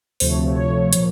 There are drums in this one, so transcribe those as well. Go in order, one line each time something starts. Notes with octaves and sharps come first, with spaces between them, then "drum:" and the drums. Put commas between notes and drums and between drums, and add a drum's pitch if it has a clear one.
D2 C3 F3 A3 C5, drum: open hi-hat
C#5
C#5
A#2 F3 A#3, drum: hi-hat